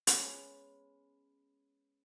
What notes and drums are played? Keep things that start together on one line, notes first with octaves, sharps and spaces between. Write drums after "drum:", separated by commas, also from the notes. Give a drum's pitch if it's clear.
G#3 B3 C#4 G#4, drum: hi-hat